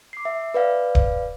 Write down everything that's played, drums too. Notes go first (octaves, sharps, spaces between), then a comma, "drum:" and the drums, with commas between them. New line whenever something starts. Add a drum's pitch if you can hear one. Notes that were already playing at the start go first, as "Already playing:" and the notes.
D6 C7
E5
B4 D5 F5
drum: kick D1